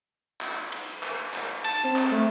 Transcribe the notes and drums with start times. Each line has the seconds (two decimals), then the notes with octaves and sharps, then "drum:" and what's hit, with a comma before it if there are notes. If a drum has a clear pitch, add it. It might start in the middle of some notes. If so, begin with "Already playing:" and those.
0.41 drum: clap
0.72 drum: cymbal
1.03 drum: clap
1.34 drum: clap
1.64 A5, drum: cymbal
1.84 C4
1.96 drum: clap
2.12 A3